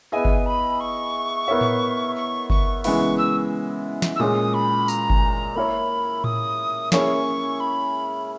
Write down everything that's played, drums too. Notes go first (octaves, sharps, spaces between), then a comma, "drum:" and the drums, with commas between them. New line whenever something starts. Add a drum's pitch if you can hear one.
B3 E4 G#4 D#5 G#5
drum: kick G1
B5
C#6
B3 E4 A#4 C#5 E5
drum: tom A2
C#6
C#6, drum: kick G1
C#3 E3 G#3 B3 E4 C#6, drum: open hi-hat
E6
drum: snare
E6
A#2 G#3 C#4 G#4 D#6
B5
A#5, drum: tambourine
drum: kick G1
A#3 E4 A#4 C#5 B5
D#6, drum: tom A2
A#3 C#4 E4 G#4 C#5 C#6, drum: snare
B5